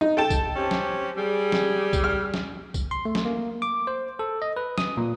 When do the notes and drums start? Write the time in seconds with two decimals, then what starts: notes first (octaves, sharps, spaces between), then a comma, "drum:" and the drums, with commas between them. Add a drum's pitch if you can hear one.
0.01 D#4
0.17 A4 G5 A5
0.30 drum: kick, tambourine
0.56 C4 C#4 G4
0.71 drum: snare
1.18 G3 G#4
1.52 drum: snare
1.93 drum: kick, tambourine
2.04 F6
2.34 drum: snare
2.74 drum: kick, tambourine
2.91 C6
3.05 A3
3.15 drum: snare
3.25 A#3
3.62 D6
3.87 C5
4.19 A4
4.42 D#5
4.56 B4
4.78 D#6, drum: snare
4.97 A#2